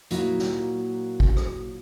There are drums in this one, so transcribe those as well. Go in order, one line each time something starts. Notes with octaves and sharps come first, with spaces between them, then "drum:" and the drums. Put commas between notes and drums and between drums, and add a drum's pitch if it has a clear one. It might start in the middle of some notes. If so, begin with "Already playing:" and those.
A#2 F#3 A#3 D#4 E4 F#4, drum: hi-hat
drum: snare
drum: kick
drum: rim click